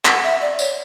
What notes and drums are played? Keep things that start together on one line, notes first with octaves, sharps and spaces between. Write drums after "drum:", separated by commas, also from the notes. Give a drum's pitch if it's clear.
F#5, drum: clap
E5
D5
C#5, drum: tambourine